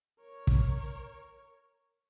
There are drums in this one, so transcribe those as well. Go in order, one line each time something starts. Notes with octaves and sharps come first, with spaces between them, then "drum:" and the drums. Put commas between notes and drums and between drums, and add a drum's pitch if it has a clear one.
A#4 C#5
drum: kick